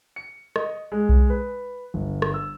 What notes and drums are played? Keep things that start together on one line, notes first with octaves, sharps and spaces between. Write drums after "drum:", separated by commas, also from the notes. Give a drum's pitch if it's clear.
C#7
D#5, drum: rim click
G#3
drum: kick B1
B4
G1
drum: rim click
E6